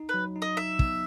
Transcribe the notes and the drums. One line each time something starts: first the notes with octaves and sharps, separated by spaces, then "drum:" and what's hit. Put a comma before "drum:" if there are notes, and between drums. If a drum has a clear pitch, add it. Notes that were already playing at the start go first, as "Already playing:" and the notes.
Already playing: D#4
B4
F#3
D#4
D#5
D#4 E5
B3, drum: kick